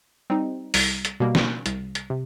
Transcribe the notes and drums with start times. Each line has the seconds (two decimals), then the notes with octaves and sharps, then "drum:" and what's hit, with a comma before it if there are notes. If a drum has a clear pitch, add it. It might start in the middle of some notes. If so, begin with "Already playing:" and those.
0.30 G3 C4 D#4
0.74 C2, drum: open hi-hat
1.05 drum: hi-hat
1.20 B2 G3 A#3
1.35 drum: snare
1.66 C2, drum: hi-hat
1.95 drum: hi-hat
2.10 C3